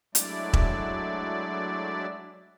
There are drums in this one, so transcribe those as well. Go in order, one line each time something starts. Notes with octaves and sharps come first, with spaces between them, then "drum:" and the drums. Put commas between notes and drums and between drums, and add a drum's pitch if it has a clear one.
F#3 G#3 A3 D4 E4 D5, drum: hi-hat
drum: kick E1